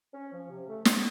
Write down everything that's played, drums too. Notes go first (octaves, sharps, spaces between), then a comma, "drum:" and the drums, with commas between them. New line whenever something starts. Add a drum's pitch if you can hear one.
C#4
F3
C3
A3
C#4, drum: snare